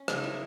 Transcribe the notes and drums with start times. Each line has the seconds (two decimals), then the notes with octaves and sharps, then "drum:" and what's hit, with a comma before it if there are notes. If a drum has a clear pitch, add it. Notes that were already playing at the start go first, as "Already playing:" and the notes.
Already playing: C#4
0.08 C#3 D#4 D#5, drum: rim click
0.24 E4 E5